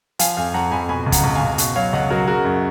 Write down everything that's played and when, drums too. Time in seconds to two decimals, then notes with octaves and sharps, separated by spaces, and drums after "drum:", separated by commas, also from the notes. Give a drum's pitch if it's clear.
0.19 F3 F5 G#5, drum: hi-hat
0.37 F2 F5 G#5
0.54 F2 F#5 A#5
0.71 F2 G#5 B5
0.89 B2 G#5 B5
1.06 C#2
1.12 F#5 A#5, drum: kick, hi-hat
1.24 C#2
1.35 F5 G#5
1.41 C#2
1.58 B2, drum: hi-hat
1.76 F#3 C#5 F5
1.93 C#2 D#5 F#5
2.10 F#3 F#4 A#4
2.27 C#3 F#4 A#4
2.45 F#2